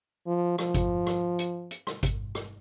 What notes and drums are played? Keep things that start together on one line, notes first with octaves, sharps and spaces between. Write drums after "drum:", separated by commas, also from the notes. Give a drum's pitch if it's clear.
F3
F3, drum: rim click
drum: kick G#1, hi-hat
drum: rim click
drum: hi-hat
drum: hi-hat
drum: rim click
drum: kick G#1, hi-hat
drum: rim click